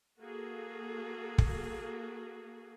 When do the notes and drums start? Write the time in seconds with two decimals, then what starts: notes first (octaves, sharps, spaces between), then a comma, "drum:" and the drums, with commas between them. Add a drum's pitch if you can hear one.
0.20 A#3 F#4 G#4 A4
1.38 drum: kick